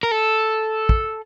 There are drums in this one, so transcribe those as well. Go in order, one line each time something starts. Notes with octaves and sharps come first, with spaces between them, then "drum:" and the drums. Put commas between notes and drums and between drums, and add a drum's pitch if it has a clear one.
A#4
A4
drum: kick